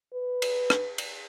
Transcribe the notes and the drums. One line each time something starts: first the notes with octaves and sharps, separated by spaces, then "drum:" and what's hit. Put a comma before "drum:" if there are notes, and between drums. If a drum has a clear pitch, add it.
B4
drum: cymbal
drum: rim click
drum: cymbal